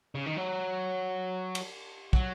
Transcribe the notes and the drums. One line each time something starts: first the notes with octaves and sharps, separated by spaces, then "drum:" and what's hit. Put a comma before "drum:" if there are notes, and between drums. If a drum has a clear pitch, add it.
C#3
D#3
F#3
drum: cymbal
F#3, drum: kick